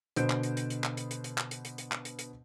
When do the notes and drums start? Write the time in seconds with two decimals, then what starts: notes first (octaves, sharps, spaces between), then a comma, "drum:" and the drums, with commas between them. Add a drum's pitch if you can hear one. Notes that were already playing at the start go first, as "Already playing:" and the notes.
0.16 B2 D3 B3 C5 G6 D7, drum: hi-hat
0.30 drum: clap
0.43 drum: hi-hat
0.57 drum: hi-hat
0.70 drum: hi-hat
0.84 drum: clap
0.97 drum: hi-hat
1.11 drum: hi-hat
1.24 drum: hi-hat
1.38 drum: clap
1.51 drum: hi-hat
1.65 drum: hi-hat
1.78 drum: hi-hat
1.92 drum: clap
2.05 drum: hi-hat
2.19 drum: hi-hat